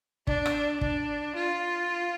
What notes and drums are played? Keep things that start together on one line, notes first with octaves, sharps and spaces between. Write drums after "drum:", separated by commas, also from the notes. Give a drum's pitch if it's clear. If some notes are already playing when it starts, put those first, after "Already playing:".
D4, drum: kick
drum: rim click
D4, drum: kick
F4